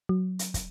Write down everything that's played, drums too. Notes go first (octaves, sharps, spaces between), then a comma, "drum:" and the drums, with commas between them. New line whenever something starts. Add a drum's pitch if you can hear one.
F#3
drum: hi-hat
drum: kick, hi-hat